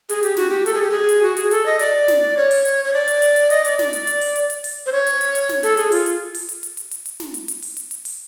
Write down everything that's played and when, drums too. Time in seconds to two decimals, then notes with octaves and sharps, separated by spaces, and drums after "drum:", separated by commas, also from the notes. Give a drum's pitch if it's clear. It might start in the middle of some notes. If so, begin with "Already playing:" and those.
0.09 G#4, drum: hi-hat
0.23 G4, drum: hi-hat
0.37 F#4, drum: snare
0.50 G4
0.66 A4, drum: hi-hat
0.75 G#4
0.83 G4
0.91 G#4
1.09 drum: hi-hat
1.23 F#4
1.37 G#4, drum: hi-hat
1.51 A4, drum: hi-hat
1.66 D#5
1.79 D5, drum: hi-hat
2.08 drum: snare
2.37 C#5
2.51 drum: open hi-hat
2.65 drum: hi-hat
2.85 C#5
2.94 D5
3.08 drum: hi-hat
3.22 drum: hi-hat
3.36 drum: hi-hat
3.50 D#5, drum: hi-hat
3.65 D5, drum: hi-hat
3.79 D5, drum: snare
3.93 drum: hi-hat
4.07 drum: hi-hat
4.21 drum: open hi-hat
4.36 drum: hi-hat
4.50 drum: hi-hat
4.64 drum: open hi-hat
4.86 C5
4.92 C#5
5.07 drum: hi-hat
5.21 drum: hi-hat
5.35 drum: hi-hat
5.49 drum: snare
5.63 A4, drum: hi-hat
5.77 G#4, drum: hi-hat
5.92 F4, drum: open hi-hat
6.06 drum: hi-hat
6.34 drum: open hi-hat
6.49 drum: hi-hat
6.63 drum: hi-hat
6.77 drum: hi-hat
6.91 drum: hi-hat
7.06 drum: hi-hat
7.20 drum: snare
7.34 drum: hi-hat
7.48 drum: hi-hat
7.62 drum: open hi-hat
7.77 drum: hi-hat
7.91 drum: hi-hat
8.05 drum: open hi-hat